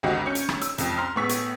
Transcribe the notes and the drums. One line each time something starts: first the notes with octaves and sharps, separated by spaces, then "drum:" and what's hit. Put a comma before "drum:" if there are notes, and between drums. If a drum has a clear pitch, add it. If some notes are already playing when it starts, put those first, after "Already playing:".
G#1 D2 A3 F#4 G4 D#5
C#4 C#5 G6 C#7
drum: hi-hat
drum: rim click
E6, drum: hi-hat
C2 F2, drum: hi-hat
A#5 C6 F6
A2 B3 G#4 C#6 E6 B6
drum: hi-hat